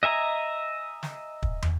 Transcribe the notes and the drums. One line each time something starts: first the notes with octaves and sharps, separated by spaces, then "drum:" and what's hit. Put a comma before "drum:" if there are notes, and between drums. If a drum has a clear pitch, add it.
D#5 E5 G#5 A#5
drum: snare
drum: kick
drum: tom